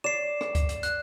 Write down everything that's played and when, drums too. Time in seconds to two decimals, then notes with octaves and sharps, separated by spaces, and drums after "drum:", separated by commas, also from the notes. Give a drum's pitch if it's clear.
0.04 D5 C7 E7
0.41 drum: rim click
0.55 drum: kick D2, hi-hat
0.69 drum: hi-hat
0.83 F#6, drum: hi-hat